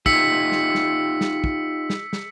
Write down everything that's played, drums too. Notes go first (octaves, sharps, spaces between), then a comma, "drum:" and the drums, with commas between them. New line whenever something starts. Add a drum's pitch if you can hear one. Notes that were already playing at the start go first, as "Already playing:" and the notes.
D#4 F4 G4 E6 B6 C#7, drum: kick
drum: snare
drum: snare
drum: snare
drum: kick
drum: snare
drum: snare